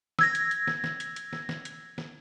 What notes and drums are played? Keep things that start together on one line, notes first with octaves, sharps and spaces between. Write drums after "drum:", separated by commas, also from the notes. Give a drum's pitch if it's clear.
E6 G#6 A#6, drum: snare
drum: hi-hat
drum: hi-hat
drum: snare
drum: snare
drum: hi-hat
drum: hi-hat
drum: snare
drum: snare
drum: hi-hat
drum: snare